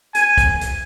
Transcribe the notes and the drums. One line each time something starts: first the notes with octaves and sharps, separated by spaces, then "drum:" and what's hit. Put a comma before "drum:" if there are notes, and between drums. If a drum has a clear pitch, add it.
G#5, drum: hi-hat
drum: kick, hi-hat
drum: hi-hat